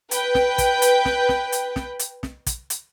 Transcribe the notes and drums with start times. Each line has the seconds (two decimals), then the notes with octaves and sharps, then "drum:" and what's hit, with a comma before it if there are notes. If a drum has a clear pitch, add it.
0.11 B4 G5, drum: hi-hat
0.35 drum: snare
0.58 drum: kick, hi-hat
0.82 drum: hi-hat
1.05 drum: snare
1.29 drum: snare
1.52 drum: hi-hat
1.76 drum: snare
1.99 drum: hi-hat
2.23 drum: snare
2.46 drum: kick, hi-hat
2.70 drum: hi-hat